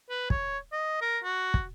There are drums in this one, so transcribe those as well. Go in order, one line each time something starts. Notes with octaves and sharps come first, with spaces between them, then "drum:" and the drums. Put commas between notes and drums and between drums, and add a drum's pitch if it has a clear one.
B4
C#5, drum: kick
D#5
A#4
F#4
drum: kick